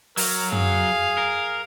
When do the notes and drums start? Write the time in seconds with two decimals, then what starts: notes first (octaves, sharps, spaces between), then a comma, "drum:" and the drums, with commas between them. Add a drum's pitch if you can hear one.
0.17 F#3 A#4, drum: open hi-hat
0.52 G#4 F5, drum: tom
1.18 A#4